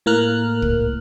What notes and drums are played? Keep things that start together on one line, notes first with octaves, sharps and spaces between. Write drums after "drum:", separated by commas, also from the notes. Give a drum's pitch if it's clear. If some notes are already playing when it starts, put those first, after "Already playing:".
A2 A#3 A#4 F6 F#6
drum: kick